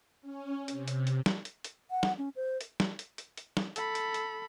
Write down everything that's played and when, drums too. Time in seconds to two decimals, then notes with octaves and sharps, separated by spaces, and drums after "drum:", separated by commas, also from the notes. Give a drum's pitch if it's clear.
0.22 C#4
0.68 C3, drum: hi-hat
0.88 drum: hi-hat
1.07 drum: hi-hat
1.26 drum: snare
1.45 drum: hi-hat
1.64 drum: hi-hat
1.91 F#5
2.03 drum: snare
2.18 C#4
2.36 C5
2.61 drum: hi-hat
2.80 drum: snare
2.99 drum: hi-hat
3.18 drum: hi-hat
3.37 drum: hi-hat
3.57 drum: snare
3.76 A4 B5, drum: hi-hat
3.95 drum: hi-hat
4.14 drum: hi-hat